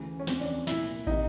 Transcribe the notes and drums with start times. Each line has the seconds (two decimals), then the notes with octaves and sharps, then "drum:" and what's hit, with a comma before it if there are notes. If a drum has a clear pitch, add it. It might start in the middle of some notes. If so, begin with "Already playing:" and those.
Already playing: D2 C#3 E3
0.20 C#4
0.27 E2 C#3 E3 C4, drum: snare
0.40 D4
0.67 C2 A#2 E4, drum: snare
1.07 C3 D#3 D#4, drum: kick